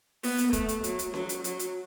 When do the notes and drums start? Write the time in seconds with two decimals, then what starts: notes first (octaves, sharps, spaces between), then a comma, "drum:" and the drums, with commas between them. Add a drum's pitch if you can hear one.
0.23 B3, drum: open hi-hat
0.38 drum: hi-hat
0.53 A3, drum: kick, hi-hat
0.69 drum: hi-hat
0.84 F#3, drum: hi-hat
0.99 drum: hi-hat
1.14 F#3, drum: snare C#4
1.29 drum: hi-hat
1.44 F#3, drum: hi-hat
1.59 drum: hi-hat